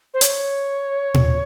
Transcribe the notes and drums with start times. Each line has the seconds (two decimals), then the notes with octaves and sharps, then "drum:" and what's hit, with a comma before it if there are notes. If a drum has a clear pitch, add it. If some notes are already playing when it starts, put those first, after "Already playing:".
0.13 C5
0.21 C#5, drum: hi-hat
1.14 drum: tom A#2